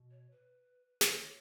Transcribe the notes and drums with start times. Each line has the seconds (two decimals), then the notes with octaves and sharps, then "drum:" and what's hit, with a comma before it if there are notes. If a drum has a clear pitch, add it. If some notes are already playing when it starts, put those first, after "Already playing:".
Already playing: B2
0.11 C#5
0.31 B4
1.01 drum: snare
1.12 D#3 C#5